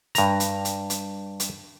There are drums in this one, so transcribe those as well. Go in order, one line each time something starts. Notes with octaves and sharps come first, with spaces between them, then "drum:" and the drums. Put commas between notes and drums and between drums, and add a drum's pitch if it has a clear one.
G2 A#5, drum: hi-hat
drum: hi-hat
drum: hi-hat
drum: hi-hat
drum: hi-hat